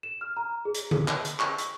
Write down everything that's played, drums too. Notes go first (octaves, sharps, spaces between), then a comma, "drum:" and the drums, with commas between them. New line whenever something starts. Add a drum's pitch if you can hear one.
E7
F6
A#5
G#4
drum: hi-hat
G#4, drum: tom D3
drum: clap
drum: hi-hat
C#6, drum: clap
drum: hi-hat